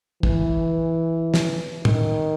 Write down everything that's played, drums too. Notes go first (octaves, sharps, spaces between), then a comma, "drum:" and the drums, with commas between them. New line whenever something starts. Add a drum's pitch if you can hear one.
E3, drum: kick
drum: snare
D#3, drum: tom